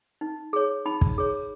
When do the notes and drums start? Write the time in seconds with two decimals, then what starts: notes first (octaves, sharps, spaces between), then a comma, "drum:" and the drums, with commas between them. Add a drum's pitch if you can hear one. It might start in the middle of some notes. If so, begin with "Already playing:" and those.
0.21 D#4
0.53 G#4 C#5
0.85 D#4 B5
1.01 drum: kick
1.18 G#4 C#5